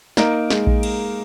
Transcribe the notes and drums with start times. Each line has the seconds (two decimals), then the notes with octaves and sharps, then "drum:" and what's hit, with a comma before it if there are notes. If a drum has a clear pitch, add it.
0.17 A#3 D#4 A#4, drum: snare
0.50 G#3, drum: snare
0.67 drum: kick A#1
0.83 drum: cymbal